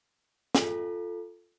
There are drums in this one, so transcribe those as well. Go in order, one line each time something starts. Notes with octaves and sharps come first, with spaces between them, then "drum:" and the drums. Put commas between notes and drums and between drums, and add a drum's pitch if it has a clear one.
F4 A4, drum: snare